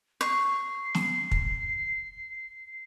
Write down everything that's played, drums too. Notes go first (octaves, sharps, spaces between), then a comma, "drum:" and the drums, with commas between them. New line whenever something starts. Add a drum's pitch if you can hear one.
C#6 C7
drum: snare
drum: kick